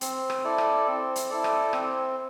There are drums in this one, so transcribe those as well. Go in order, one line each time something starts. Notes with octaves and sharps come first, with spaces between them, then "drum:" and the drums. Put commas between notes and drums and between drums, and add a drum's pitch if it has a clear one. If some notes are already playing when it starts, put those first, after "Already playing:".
C4, drum: hi-hat
drum: rim click
E4 A4 D5
drum: rim click
C4
drum: hi-hat
E4 A4 D5
drum: rim click
C4, drum: rim click